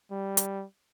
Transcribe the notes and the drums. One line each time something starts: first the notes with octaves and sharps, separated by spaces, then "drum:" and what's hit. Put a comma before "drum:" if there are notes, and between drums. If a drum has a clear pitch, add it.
G3
drum: hi-hat